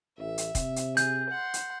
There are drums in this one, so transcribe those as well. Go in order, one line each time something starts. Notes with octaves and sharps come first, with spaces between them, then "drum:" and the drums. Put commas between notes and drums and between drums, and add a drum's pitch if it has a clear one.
A1 E5
drum: hi-hat
C3, drum: kick, hi-hat
drum: hi-hat
G#4 G6, drum: hi-hat
F#5 C6
drum: hi-hat